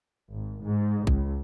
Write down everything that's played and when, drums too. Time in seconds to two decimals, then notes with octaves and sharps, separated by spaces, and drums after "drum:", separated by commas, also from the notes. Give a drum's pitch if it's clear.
0.31 G#1
0.63 G#2
1.07 C#2, drum: kick A1